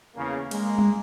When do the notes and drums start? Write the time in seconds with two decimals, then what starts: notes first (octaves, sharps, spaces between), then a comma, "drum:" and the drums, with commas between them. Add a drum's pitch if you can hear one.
0.16 E2 C#3 A#3
0.51 G#3 A#3, drum: cymbal
0.78 drum: tom G3